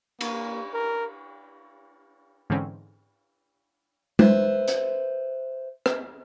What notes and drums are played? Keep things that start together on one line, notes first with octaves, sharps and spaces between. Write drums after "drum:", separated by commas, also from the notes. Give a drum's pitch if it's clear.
A#3, drum: cymbal
A#4
G#2 D3 E3 C4 C#4
B4 C5 E5, drum: tom G#3
drum: hi-hat
drum: rim click